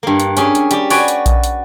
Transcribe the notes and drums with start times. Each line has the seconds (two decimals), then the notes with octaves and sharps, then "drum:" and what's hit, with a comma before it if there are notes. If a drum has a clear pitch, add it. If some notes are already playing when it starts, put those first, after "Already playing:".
0.03 G2 A#3
0.20 drum: hi-hat
0.37 C#4 G4 G#4, drum: hi-hat
0.55 drum: hi-hat
0.71 G3 G4, drum: hi-hat
0.90 F#4 B4 C#5 D5 G5 G#5, drum: open hi-hat
1.08 drum: hi-hat
1.26 drum: kick A#1, hi-hat
1.44 drum: hi-hat